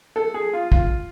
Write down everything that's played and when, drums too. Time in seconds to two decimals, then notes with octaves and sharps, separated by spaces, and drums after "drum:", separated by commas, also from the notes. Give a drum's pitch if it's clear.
0.16 A4
0.34 G#4
0.53 F4
0.72 F4, drum: kick